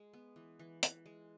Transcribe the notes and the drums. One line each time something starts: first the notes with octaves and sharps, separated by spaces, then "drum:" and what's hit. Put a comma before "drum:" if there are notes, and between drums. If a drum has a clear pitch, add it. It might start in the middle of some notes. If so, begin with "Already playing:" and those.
Already playing: G#3
B3
E3
E3
E3, drum: hi-hat
G#3